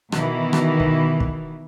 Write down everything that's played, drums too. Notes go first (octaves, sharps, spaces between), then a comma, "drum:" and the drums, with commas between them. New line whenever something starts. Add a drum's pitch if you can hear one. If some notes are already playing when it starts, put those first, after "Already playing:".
B2 D#3 E3, drum: rim click
drum: rim click
drum: kick
drum: kick